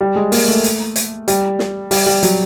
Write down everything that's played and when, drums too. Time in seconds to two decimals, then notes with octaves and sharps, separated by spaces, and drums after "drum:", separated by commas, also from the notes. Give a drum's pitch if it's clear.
0.01 G3
0.16 G#3
0.32 A#3, drum: open hi-hat
0.48 A3
0.64 drum: hi-hat
0.96 drum: hi-hat
1.28 G3, drum: hi-hat
1.59 drum: snare
1.91 G3, drum: open hi-hat
2.06 G3
2.23 F#3, drum: hi-hat